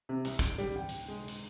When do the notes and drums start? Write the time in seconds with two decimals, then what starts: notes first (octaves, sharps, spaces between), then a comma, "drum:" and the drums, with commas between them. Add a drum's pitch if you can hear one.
0.09 C3
0.25 C2, drum: hi-hat
0.39 D7, drum: kick, hi-hat
0.58 G3
0.76 G5
0.89 drum: hi-hat
1.08 G#3
1.28 drum: hi-hat